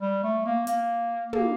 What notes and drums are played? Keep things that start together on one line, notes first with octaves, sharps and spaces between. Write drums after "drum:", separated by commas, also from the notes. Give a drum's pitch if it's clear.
G3
A3
A#3
A#3, drum: hi-hat
A#3, drum: tom